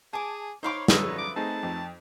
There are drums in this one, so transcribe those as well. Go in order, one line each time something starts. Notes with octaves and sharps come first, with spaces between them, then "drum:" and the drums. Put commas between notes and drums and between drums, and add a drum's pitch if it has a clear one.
G#4 G#5 A5 D6
D#4 C5 C#5 F5 B5 C6 D6
F#2 D3 F3 A4 B4 E5 D#6 A#6, drum: snare
D6
A3 C4 D#4 G#4 A5
F2